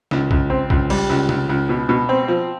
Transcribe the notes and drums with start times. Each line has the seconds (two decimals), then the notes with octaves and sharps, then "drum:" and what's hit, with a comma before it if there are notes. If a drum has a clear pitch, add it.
0.11 C#2, drum: snare
0.31 C#2, drum: kick
0.50 C4
0.70 C#2, drum: kick
0.90 G3, drum: cymbal
1.10 C#2
1.29 C#2, drum: tom C3
1.49 C#2
1.69 B2
1.89 B2
2.09 C4
2.28 F3